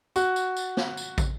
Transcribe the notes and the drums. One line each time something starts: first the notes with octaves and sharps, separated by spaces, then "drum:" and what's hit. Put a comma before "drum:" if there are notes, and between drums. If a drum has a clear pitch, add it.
F#4, drum: tambourine
drum: tambourine
drum: tambourine
drum: snare
drum: tambourine
drum: kick, tambourine